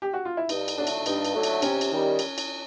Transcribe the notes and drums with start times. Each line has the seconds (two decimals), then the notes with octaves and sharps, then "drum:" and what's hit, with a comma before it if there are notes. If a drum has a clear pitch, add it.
0.02 G4
0.14 F#4
0.25 F4
0.37 E4
0.49 G2 D#4, drum: cymbal
0.68 drum: cymbal
0.77 D3 F#3 A3 D4
0.87 drum: cymbal
1.06 G2 D#4, drum: cymbal
1.25 drum: cymbal
1.34 D3 F#3 A3
1.43 drum: cymbal
1.62 C3 C#4, drum: cymbal
1.81 drum: cymbal
1.91 D#3 G3
2.19 drum: cymbal
2.38 drum: cymbal